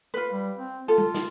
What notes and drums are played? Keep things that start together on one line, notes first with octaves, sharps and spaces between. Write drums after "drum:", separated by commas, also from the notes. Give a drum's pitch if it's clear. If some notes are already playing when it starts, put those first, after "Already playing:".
F4 B4
G3
C4
F4 A4
drum: tom
drum: snare